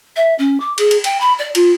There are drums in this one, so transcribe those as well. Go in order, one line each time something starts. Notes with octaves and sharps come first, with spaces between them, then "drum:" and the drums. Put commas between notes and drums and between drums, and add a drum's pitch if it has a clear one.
E5
C#4
D6
G#4, drum: cymbal
drum: cymbal
G5, drum: cymbal
B5
D5
F4, drum: cymbal